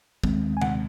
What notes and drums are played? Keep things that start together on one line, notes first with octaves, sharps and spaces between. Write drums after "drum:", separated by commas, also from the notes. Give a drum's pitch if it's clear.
D#2 D#3 G#3 C4, drum: kick
G#5
F#5, drum: tom C3